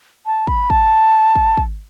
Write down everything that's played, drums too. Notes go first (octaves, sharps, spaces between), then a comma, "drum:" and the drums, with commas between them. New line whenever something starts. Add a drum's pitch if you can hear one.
A5
B5, drum: kick
A5, drum: kick
drum: kick
drum: kick